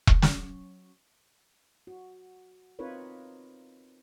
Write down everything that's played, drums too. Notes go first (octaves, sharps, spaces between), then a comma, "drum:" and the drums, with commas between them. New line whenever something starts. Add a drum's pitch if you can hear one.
drum: kick E1
F#3 C#4, drum: snare
F#4
C4 D#4 F4 A#4 B4 C#5